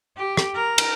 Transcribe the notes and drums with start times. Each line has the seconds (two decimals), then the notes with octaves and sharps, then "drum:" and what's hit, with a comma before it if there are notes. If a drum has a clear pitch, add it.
0.17 G4
0.37 drum: rim click
0.55 A#4
0.78 drum: cymbal